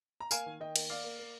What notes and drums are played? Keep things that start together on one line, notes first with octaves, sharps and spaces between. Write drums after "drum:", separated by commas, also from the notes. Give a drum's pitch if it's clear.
A#5
A#3 F5 G#5, drum: tambourine
D#3
D#3 D#5 G5
A#3, drum: cymbal
A#3 D5 F5
A#3
A#3